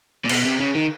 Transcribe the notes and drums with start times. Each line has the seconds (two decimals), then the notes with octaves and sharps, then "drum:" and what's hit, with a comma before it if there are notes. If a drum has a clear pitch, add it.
0.25 A#2
0.29 B2, drum: cymbal
0.45 C3
0.60 C#3
0.75 D#3